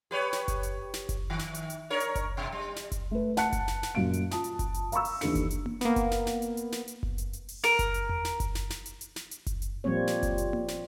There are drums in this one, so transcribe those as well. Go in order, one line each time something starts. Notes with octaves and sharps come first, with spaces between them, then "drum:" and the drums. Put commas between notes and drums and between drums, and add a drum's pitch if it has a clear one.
G4 B4 C#5
drum: snare
drum: kick F#1, hi-hat
drum: hi-hat
drum: snare
drum: kick F#1, hi-hat
D#3
drum: snare
drum: hi-hat
drum: hi-hat
D4 A#4 C#5
drum: hi-hat
drum: kick F#1, hi-hat
B2
G3
drum: snare
drum: kick F#1, hi-hat
A3 B4
F#5 A5 F#6 C#7, drum: snare
drum: kick F#1, hi-hat
drum: snare
drum: snare
F#2 A#2 F5 D7
drum: hi-hat
F4 A5 D#6, drum: snare
drum: hi-hat
drum: kick F#1, hi-hat
drum: hi-hat
F5 A#5 B5 C#6 E6, drum: hi-hat
drum: open hi-hat
D#2 E3 D4 A4 C#7, drum: snare
drum: kick F#1, hi-hat
drum: hi-hat
drum: tom A#3
A#3 B3, drum: snare
drum: kick F#1, hi-hat
drum: snare
drum: snare
drum: hi-hat
drum: hi-hat
drum: snare
drum: hi-hat
drum: kick F#1
drum: hi-hat
drum: hi-hat
drum: open hi-hat
A#4, drum: snare
drum: kick F#1, hi-hat
drum: hi-hat
drum: tom E2
drum: snare
drum: kick F#1, hi-hat
drum: snare
drum: snare
drum: hi-hat
drum: hi-hat
drum: snare
drum: hi-hat
drum: kick F#1, hi-hat
drum: hi-hat
A#2 F3 G3 A#3 C4 C#5
drum: snare
drum: kick F#1, hi-hat
drum: hi-hat
drum: tom A#3
drum: snare